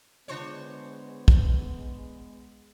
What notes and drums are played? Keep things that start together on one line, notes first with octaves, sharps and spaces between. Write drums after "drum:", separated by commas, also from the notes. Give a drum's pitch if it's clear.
D3 G#3 B3 D4 F4 C5 C#5
drum: kick